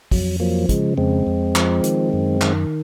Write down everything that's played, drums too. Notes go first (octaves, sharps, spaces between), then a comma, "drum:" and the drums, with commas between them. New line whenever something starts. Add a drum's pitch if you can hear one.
F2 F#3, drum: kick, open hi-hat
F3 F#3 A#3
C#3 G#3, drum: kick, hi-hat
F2 G#3 C4
F2
F3, drum: clap
D#3, drum: hi-hat
F#2
D#3, drum: clap